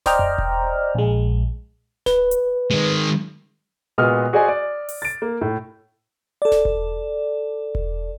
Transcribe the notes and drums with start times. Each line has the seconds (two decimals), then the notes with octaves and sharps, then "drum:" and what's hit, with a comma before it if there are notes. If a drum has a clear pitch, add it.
0.06 C5 D5 D#5 G5 A#5 F6, drum: snare D1
0.19 drum: tom F2
0.38 drum: kick E1
0.95 A#1 G#3
2.06 B4, drum: snare D1
2.31 drum: hi-hat
2.71 D#3 G#3
3.98 A#2 G#3 B3 F#4 D#6 F6
4.33 F#4 G#4 C5 D5 D#5 G#5
4.49 D5
4.89 drum: open hi-hat
5.02 A6 D7
5.22 A#3
5.41 A2
6.42 A4 D5
6.52 drum: snare D1
6.65 drum: kick E1
7.75 drum: kick E1